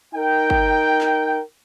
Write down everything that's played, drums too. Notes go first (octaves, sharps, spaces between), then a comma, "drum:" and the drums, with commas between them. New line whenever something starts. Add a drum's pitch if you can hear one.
D#4 A#4 G5
drum: kick G1
drum: clap